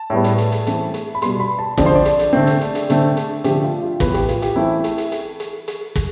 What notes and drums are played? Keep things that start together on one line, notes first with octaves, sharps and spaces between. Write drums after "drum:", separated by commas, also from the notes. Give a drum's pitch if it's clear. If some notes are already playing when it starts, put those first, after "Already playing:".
Already playing: A5
A2 G3 B3
drum: hi-hat
drum: hi-hat
drum: hi-hat
E3 A3 C4, drum: hi-hat
drum: hi-hat
B5
B2 G3 B3 C6, drum: hi-hat
B5
A5
D3 F3 C4 D5, drum: kick, hi-hat
C5
D5
drum: hi-hat
drum: hi-hat
D3 A3 C4
drum: hi-hat
drum: hi-hat
drum: hi-hat
D3 A3 C4, drum: hi-hat
drum: hi-hat
D3 F3 A3 C4 G4, drum: hi-hat
F4
F4
A2 E3 B3 B4, drum: kick, hi-hat
G4, drum: hi-hat
F4, drum: hi-hat
G4, drum: hi-hat
E3 A3 C4 E4
drum: hi-hat
drum: hi-hat
drum: hi-hat
drum: hi-hat
drum: hi-hat
drum: kick, hi-hat